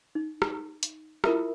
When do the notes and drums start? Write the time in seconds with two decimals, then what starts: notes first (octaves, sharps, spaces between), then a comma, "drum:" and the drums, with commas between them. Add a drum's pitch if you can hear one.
0.15 D#4
0.42 drum: rim click
0.83 drum: hi-hat
1.24 E4 F4 A#4 E5 D#6, drum: rim click